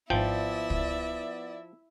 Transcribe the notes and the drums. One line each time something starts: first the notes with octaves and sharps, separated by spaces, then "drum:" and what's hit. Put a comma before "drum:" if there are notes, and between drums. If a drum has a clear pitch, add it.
G#1 G#2 F3 B3 E4 D5 E5 G5
drum: kick